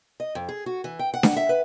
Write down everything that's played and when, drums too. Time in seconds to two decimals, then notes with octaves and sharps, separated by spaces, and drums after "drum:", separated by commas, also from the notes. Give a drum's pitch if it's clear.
0.20 D#5
0.35 F2
0.49 G#4
0.66 F#4
0.84 E3
0.99 G5
1.14 F#5
1.23 drum: snare D4
1.37 E5
1.49 B4